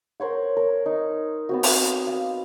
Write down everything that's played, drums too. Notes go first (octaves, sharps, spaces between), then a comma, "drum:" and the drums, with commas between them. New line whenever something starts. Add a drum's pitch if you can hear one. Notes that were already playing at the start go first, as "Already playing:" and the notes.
A#4 C5 C#5 F#5
A#4
D#4
B3 C4 F#4
drum: open hi-hat
F5